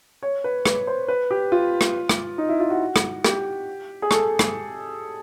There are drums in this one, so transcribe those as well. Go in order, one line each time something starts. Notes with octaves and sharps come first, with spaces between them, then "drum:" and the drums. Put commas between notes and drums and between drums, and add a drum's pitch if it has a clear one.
C#5
B4
B4, drum: rim click
C5
B4
G4
F4
drum: rim click
drum: rim click
D#4
E4
F4
F#4
drum: rim click
G4, drum: rim click
G#4
A4, drum: rim click
drum: rim click